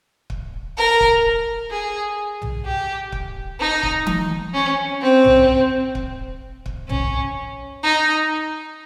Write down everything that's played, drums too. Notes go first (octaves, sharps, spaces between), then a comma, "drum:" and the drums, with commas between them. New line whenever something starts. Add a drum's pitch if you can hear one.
drum: kick
A#4
drum: kick
G#4
drum: tom
G4
drum: kick
D#4
drum: kick
drum: tom E3
C#4
C4
drum: tom
drum: kick
drum: kick
C#4, drum: tom
D#4